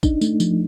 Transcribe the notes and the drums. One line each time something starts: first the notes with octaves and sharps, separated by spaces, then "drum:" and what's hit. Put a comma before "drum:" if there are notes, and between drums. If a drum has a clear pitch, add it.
D4 D#4, drum: kick, tambourine
A3, drum: tambourine
F3, drum: tambourine